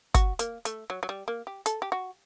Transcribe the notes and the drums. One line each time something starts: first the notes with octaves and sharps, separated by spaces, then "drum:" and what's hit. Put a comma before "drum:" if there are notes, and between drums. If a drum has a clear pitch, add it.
F#4, drum: kick G1, hi-hat
A#3, drum: hi-hat
A3, drum: hi-hat
F#3
F#3
G3
A#3
G4
A4, drum: hi-hat
G4
F#4